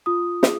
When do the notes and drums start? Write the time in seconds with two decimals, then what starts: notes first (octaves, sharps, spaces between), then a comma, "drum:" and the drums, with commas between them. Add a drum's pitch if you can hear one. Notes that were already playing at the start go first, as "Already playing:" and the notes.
0.06 F4 D#6
0.43 G#4, drum: snare